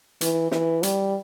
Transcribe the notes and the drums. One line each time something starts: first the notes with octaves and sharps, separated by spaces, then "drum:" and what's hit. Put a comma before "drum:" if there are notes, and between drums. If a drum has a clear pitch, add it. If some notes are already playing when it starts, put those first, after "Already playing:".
E3, drum: hi-hat
E3, drum: snare
G3, drum: hi-hat